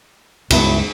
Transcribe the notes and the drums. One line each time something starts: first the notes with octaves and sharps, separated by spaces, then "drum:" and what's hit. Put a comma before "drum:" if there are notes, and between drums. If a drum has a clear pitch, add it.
C#2 G2 B3 E4 F#4, drum: cymbal